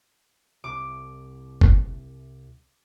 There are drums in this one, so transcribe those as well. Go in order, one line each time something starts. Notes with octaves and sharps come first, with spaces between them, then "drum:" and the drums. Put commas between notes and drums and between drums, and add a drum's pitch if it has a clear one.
C2 D6
drum: kick